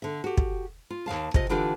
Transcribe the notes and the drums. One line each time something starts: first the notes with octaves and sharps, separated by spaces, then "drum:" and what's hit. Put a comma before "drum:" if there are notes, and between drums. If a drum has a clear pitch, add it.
D3 E5
F#4 G4
drum: kick
F4
D#2 E3 F5 A5
C3 F4 D#5, drum: kick
D3 E3 D4 F4 G4